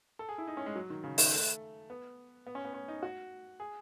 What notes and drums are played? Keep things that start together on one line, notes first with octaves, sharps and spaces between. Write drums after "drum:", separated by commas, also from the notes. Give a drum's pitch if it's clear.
A4
G#4
E4
D#4
C#4
G#3
F#3
D#3
C#3
D#3, drum: open hi-hat
A3
B3
B3
C#4
B3
C#4
D#4
F#4
G#4